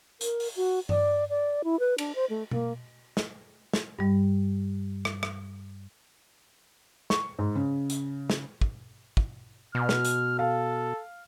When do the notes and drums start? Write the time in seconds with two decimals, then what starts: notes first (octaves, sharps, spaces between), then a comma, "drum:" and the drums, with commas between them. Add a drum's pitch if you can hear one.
0.21 A#4, drum: hi-hat
0.40 drum: open hi-hat
0.56 F#4
0.89 D5, drum: tom G2
1.30 D5
1.64 E4
1.80 B4
1.98 D4, drum: cymbal
2.15 C5
2.30 A3
2.51 A#3, drum: tom B2
3.17 drum: snare
3.73 drum: snare
3.99 G2 G3
5.05 drum: rim click
5.23 drum: rim click
7.10 C#6, drum: snare
7.39 G#2
7.55 C#3
7.90 drum: hi-hat
8.30 drum: snare
8.61 drum: kick
9.17 drum: kick
9.75 B2 F6
9.89 drum: snare
10.05 drum: hi-hat
10.39 A4 F5